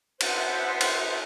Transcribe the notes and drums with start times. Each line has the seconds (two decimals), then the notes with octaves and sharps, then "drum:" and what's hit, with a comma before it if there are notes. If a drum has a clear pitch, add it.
0.21 B4 C5 E5 F#5, drum: cymbal
0.81 drum: cymbal